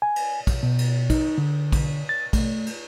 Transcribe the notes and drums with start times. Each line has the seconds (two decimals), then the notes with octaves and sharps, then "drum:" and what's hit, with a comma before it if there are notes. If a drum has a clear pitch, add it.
0.02 G#5
0.16 drum: cymbal
0.47 drum: kick, cymbal
0.63 B2
0.78 drum: cymbal
1.10 D#4, drum: kick, cymbal
1.38 D3
1.72 drum: kick, cymbal
2.09 A6
2.33 A3, drum: kick, cymbal
2.66 drum: cymbal